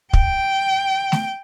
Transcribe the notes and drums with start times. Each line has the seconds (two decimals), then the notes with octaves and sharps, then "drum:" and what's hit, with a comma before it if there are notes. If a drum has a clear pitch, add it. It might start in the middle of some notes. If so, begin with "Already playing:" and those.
0.13 G5, drum: kick
1.12 drum: snare A3